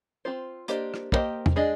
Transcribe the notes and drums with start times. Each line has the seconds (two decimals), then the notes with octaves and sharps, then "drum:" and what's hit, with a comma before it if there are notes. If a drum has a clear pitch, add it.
0.25 C4 F4 C5
0.68 A#3 D4 G4 C5 D#5, drum: hi-hat
0.94 drum: rim click
1.12 A#3 D4 G4 C5 D#5, drum: kick
1.46 drum: tom
1.56 G#3 D4 G#4 D#5